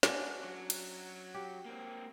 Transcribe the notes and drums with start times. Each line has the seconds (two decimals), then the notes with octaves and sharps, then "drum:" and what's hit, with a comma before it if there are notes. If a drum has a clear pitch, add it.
0.03 C#4 D4 F#4, drum: snare
0.44 F#3
0.70 drum: cymbal
1.34 G4
1.66 A#3 C4